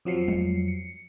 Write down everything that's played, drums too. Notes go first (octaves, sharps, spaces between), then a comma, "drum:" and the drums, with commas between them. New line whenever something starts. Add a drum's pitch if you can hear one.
F2 F3 F#3 C7 C#7
drum: tom G3
C#7